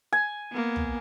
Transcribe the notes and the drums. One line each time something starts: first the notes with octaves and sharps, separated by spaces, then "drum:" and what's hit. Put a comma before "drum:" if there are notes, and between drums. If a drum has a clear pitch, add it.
G#5
A#3 B3
drum: tom B1